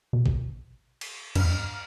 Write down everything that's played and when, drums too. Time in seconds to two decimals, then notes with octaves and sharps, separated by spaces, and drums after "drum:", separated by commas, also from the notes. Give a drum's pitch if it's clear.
0.13 B2
0.26 drum: kick
1.01 drum: cymbal
1.35 G2, drum: cymbal
1.43 E2
1.51 G2